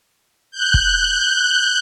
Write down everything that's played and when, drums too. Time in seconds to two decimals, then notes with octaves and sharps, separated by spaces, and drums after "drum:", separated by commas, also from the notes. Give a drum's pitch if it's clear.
0.51 F#6 G6
0.74 drum: kick